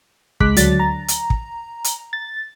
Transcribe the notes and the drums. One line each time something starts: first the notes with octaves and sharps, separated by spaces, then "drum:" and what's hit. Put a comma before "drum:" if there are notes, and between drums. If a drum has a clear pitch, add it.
C#2 G#3 D6 F#6 B6, drum: kick
D2 D3 F#3 D4 A6, drum: hi-hat
A#5
drum: hi-hat
drum: kick
drum: hi-hat
A6